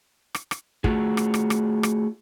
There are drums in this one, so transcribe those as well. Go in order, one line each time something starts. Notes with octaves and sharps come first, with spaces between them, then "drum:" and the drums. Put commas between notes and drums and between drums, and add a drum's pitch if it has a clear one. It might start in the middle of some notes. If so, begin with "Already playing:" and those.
drum: rim click
drum: rim click
A3 F4 F#4 G#4, drum: kick
drum: rim click
drum: rim click
drum: rim click
drum: rim click